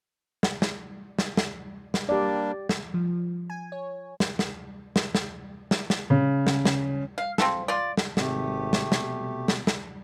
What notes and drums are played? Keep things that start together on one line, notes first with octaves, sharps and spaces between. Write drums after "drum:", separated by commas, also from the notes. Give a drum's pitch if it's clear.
drum: snare
drum: snare
drum: snare
drum: snare
drum: snare
G3 A#3 D4 G4 D5
drum: snare
F3
G#5
C#5
drum: snare
drum: snare
drum: snare
drum: snare
drum: snare
drum: snare
C#3
drum: snare
drum: snare
F5
C4 F4 A4, drum: snare
F4 D5
drum: snare
G#1 C3 A3 G4, drum: snare
drum: snare
B2, drum: snare
drum: snare
drum: snare